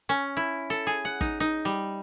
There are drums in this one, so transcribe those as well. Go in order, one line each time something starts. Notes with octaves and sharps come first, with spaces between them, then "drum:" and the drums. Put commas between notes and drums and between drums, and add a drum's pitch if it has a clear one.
C#4
E4
A4, drum: hi-hat
G#4
F#5
D#4, drum: kick, hi-hat
D#4, drum: hi-hat
G3, drum: hi-hat